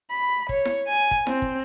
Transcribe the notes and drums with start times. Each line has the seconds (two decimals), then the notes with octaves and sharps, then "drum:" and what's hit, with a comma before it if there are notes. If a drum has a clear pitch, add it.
0.11 B5
0.49 C#5, drum: kick
0.65 drum: snare E4
0.87 G#5
1.11 drum: kick
1.27 C4, drum: snare E4
1.42 drum: kick